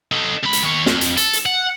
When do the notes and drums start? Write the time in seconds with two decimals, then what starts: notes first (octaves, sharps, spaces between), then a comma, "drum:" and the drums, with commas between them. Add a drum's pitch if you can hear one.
0.12 D#4 A4
0.43 C#2 B5
0.53 drum: hi-hat
0.63 D#3 C#5
0.86 F2, drum: snare
1.01 drum: hi-hat
1.17 A4, drum: hi-hat
1.33 drum: hi-hat
1.46 F#5